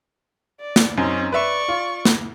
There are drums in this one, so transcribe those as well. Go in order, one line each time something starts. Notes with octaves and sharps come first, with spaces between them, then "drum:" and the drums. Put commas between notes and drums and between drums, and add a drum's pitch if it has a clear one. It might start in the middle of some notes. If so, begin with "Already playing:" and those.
D5
drum: snare
F#2 C4 C#4 D#4
B4 D5 E5 C#6
F4
drum: snare